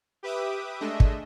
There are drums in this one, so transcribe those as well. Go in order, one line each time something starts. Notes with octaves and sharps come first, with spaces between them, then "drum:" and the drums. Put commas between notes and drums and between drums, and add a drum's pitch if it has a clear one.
G4 B4 E5 D6 D#6
G#3 A3 D4 D#5 E5
drum: kick